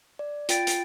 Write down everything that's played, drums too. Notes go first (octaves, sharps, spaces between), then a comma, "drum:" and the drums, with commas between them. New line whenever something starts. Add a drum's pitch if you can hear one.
D5
F4 G5 A6 D7, drum: hi-hat
drum: hi-hat